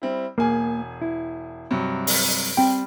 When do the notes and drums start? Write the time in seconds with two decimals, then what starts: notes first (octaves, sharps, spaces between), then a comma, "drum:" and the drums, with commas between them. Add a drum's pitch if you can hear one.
0.02 G3 C4 E4
0.38 E1 A#3 G#4 G#5
1.02 E4
1.71 G2 C3 F#3
2.07 drum: open hi-hat
2.57 G3 C4 G5